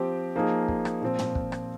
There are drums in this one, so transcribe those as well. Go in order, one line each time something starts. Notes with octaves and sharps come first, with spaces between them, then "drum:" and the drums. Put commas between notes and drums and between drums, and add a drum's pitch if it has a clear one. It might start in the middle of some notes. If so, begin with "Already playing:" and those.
Already playing: F3 C4 G4
F3 A#3 D#4 G#4
drum: kick
drum: rim click
A#2 F3 C4
drum: tom
drum: kick
drum: rim click